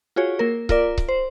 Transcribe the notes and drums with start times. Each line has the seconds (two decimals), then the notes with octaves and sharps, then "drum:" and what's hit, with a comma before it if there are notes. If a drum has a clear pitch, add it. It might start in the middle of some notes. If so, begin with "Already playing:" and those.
0.16 F4 F#4 G#4 C#5
0.39 A#3 A#4
0.69 F4 A#4 D5, drum: kick C#1
0.98 drum: kick C#1
1.09 C5